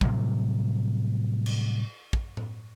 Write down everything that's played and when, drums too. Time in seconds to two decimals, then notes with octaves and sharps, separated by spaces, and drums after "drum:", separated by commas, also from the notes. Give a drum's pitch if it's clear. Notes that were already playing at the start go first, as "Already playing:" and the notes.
0.01 A2 C3 F#3 G3, drum: kick
1.46 drum: cymbal
2.13 drum: kick
2.37 drum: tom A2